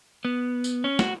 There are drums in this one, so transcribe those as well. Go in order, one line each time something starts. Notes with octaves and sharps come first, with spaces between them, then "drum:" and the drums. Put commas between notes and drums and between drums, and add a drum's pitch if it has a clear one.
B3
drum: tambourine
C#4
F#4, drum: snare